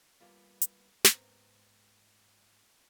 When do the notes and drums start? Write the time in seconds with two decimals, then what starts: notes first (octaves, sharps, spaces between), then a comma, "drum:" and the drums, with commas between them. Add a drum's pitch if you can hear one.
0.20 G3 A#3 B3 F4
0.62 drum: hi-hat
1.04 G#2 B3 C4 A#4 A#5, drum: snare